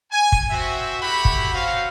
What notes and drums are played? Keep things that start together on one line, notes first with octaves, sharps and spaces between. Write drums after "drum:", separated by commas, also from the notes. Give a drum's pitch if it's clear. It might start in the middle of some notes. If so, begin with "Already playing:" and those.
G#5
drum: kick
C4 F#4 E5
A3 E4 F#4 G4 F#5 B5
drum: kick
C4 C#4 F#4 F5